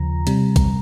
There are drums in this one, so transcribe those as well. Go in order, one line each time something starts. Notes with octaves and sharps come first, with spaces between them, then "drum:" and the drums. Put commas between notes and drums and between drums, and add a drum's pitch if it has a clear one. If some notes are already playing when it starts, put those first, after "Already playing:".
Already playing: D#2 C#3 F3 A#5
C3 G3, drum: hi-hat
drum: kick A1, hi-hat